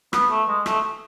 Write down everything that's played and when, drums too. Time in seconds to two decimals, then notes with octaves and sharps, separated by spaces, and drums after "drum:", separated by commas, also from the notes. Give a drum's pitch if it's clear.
0.13 B3, drum: rim click
0.30 A3
0.48 G#3
0.66 A3, drum: rim click